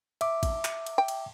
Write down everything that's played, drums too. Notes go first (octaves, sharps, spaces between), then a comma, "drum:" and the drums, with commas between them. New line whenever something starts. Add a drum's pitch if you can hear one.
E5 D6, drum: cymbal
drum: kick A1, cymbal
drum: clap
drum: cymbal
G5
drum: cymbal